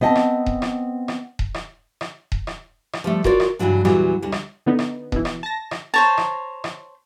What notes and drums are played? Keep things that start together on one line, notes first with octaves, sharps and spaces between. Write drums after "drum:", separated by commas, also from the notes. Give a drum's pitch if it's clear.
B3 C4 D#5 F#5 G#5 A5
drum: rim click
drum: kick D#1
drum: rim click
drum: rim click
drum: kick D#1
drum: rim click
drum: rim click
drum: kick D#1
drum: rim click
drum: rim click
F3 G3 A3
F4 F#4 A#4 C#5 D5, drum: kick D#1
drum: rim click
G2 C#3 E3 F#3 D4
E2 A#2 E3 F#3 G3, drum: rim click
D2 G3
drum: rim click
D3 B3 D#4
drum: rim click
B2 E3, drum: kick D#1
drum: rim click
A5 A#6
drum: rim click
C5 C#5 A5 A#5
drum: rim click
drum: rim click